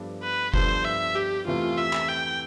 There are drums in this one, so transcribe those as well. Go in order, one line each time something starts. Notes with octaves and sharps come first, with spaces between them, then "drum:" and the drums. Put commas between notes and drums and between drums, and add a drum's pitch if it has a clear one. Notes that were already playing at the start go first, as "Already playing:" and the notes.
Already playing: G2 F3 B3 D4 A4
B4
G2 F3 B3 D4 A4 C5, drum: kick F1
E5
G4
E2 C3 E3 A3 F4
E5
drum: clap
G5